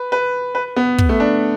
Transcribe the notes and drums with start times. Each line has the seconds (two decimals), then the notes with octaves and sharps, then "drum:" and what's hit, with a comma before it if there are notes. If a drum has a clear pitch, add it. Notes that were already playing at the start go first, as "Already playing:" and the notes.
Already playing: B4
0.12 B4
0.55 B4
0.76 B3
0.98 drum: kick
1.09 A3
1.20 D4